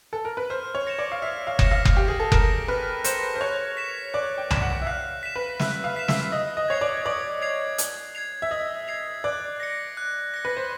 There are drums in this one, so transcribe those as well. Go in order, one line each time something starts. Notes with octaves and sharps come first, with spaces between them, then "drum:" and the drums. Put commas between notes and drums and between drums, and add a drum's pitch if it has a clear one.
A4
A#4
B4
C5 F6
C#5
A#6 C#7 E7
D5
F5
E5 F6
F5
A#6 C#7 E7, drum: kick F#1
F5
drum: kick F#1
G4 F6
G#4
A4
A#4 A#6 C#7 E7, drum: kick F#1
B4 F6
C5 A#6 C#7 E7, drum: hi-hat
C5
C#5 F#6
B6 E7
D5 F#6
G5
B6 E7, drum: tom B1
F#5
E5
F5 F#6
B6 E7
B4
E5 F#6, drum: snare
F5
B6 E7
E5, drum: snare
D#5 D#6
D#5
C#5 G#6 C7 F7
D5
D5 D#6
G#6 C7 F7
D#6, drum: hi-hat
G#6 C7 F7
E5
D#5 D#6
G#6 C7 F7
D5 F#6
A#6 C#7
F#6
A#6 C#7
B4
C5